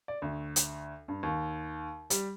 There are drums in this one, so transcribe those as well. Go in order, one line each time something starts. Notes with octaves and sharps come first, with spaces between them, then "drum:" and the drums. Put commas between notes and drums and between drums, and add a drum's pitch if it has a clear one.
D5
D2
drum: hi-hat
G2
D#2
G3, drum: hi-hat